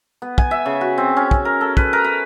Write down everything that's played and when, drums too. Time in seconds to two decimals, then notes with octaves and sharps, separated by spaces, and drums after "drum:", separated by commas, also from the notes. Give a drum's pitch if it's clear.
0.22 B3
0.38 G#5, drum: kick
0.51 E5
0.66 C#3
0.81 F#4
0.98 C4
1.17 C#4
1.31 drum: kick
1.45 A#4
1.61 A4
1.77 B4, drum: kick
1.93 A#4
2.04 B4